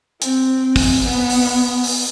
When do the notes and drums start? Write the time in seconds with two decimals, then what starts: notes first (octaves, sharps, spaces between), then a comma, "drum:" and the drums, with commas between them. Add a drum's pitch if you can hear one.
0.22 C4, drum: hi-hat
0.76 drum: kick, open hi-hat
1.03 B3
1.30 drum: open hi-hat
1.84 drum: open hi-hat